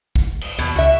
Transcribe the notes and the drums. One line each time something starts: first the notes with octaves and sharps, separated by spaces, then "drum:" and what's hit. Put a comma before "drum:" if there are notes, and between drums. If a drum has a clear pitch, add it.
drum: kick
drum: cymbal
D#2 B2, drum: hi-hat
C#2 F#4 E5